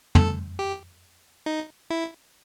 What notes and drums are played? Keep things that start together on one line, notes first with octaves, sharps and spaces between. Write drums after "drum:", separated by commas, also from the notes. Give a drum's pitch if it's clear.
A4, drum: tom
G4
D#4
E4